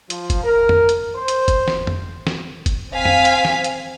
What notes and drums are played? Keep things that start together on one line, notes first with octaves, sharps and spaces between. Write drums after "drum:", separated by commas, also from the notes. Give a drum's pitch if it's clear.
F3, drum: hi-hat
drum: kick F#1, hi-hat
A#4
drum: tom F2
drum: hi-hat
C5
drum: hi-hat
drum: kick F#1, hi-hat
drum: snare
drum: tom F2
drum: snare
drum: kick F#1, hi-hat
C4 F5 G#5 B6
drum: tom F2
drum: hi-hat
drum: snare
drum: hi-hat